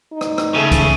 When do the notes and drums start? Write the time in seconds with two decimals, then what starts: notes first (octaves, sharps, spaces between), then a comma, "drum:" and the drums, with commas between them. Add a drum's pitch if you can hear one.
0.12 D#4
0.21 drum: rim click
0.38 drum: rim click
0.55 C#3 A3 G#4 D#7
0.71 drum: kick C2, hi-hat